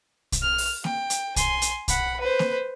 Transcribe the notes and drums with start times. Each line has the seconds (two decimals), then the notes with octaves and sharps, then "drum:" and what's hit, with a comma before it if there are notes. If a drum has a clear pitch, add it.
0.32 drum: kick, hi-hat
0.42 F6
0.58 drum: open hi-hat
0.84 G5, drum: snare A#3
1.10 drum: hi-hat
1.36 G#5 C6, drum: kick, hi-hat
1.62 drum: hi-hat
1.88 F#5 B5, drum: kick, hi-hat
2.20 B4 C5
2.39 drum: snare A#3